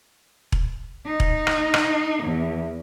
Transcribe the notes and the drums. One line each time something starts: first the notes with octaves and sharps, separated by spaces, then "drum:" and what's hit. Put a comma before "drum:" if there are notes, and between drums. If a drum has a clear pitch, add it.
drum: kick E1
D#4
drum: kick E1
drum: rim click
drum: rim click
E2